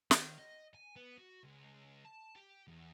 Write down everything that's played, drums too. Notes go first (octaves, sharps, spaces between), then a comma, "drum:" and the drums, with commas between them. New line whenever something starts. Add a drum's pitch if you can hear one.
D#3, drum: snare
D#5
G#5
B3
F#4
C#2
A5
G4
E2